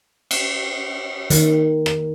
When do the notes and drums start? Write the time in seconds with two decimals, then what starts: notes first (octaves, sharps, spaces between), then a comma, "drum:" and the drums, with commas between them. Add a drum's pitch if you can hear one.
0.31 drum: cymbal
1.30 D#3, drum: hi-hat
1.86 drum: rim click